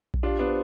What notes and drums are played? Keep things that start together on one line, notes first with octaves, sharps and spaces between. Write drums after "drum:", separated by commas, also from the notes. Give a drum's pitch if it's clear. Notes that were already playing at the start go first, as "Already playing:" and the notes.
drum: kick A#1
D4 F4 G4
B3 D4
C5